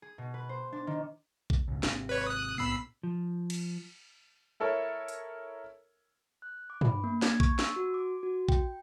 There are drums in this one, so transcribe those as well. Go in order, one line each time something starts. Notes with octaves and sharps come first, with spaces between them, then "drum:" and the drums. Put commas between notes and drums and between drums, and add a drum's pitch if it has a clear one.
G#4
B2
B4
C5
D4
D#3
drum: kick A#1
G#1 C#2
G#1 C3, drum: snare
B4 C#5
D#6 F#6
C2 A2 B3 B5 E6 C7
F3
drum: cymbal
E4 A4 A#4 C#5
drum: hi-hat
F#6
D6
B5, drum: tom
A#3
G#6, drum: snare
C#6, drum: kick A#1
E6, drum: snare
F#4
D6
F#4
G5, drum: kick A#1